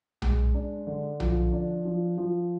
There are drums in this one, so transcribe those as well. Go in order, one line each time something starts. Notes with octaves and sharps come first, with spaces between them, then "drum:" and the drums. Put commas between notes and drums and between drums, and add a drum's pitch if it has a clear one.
G#3, drum: tom B1
D4
D3
F3, drum: tom B1
D4
F3
F3